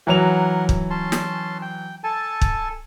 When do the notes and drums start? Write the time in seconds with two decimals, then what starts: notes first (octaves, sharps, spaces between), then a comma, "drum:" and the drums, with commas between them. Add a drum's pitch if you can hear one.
0.07 E3 F#3 A#4 F#5 F7
0.69 drum: kick
0.90 C#4 A5 C6
1.12 drum: snare
1.62 G5
2.04 A4 G#5 A5
2.41 drum: kick